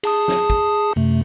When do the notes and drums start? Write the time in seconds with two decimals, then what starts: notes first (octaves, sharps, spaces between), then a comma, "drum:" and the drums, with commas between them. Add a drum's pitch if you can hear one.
0.03 G#4 A5 D#6, drum: cymbal
0.28 drum: snare
0.50 drum: kick
0.96 F#2 C3 A3